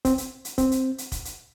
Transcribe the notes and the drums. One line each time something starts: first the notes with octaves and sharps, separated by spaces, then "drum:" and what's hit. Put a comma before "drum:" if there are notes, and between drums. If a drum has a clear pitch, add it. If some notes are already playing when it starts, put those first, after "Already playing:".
C4, drum: kick, hi-hat
drum: hi-hat
drum: hi-hat
C4, drum: kick, hi-hat
drum: hi-hat
drum: hi-hat
drum: kick, hi-hat
drum: hi-hat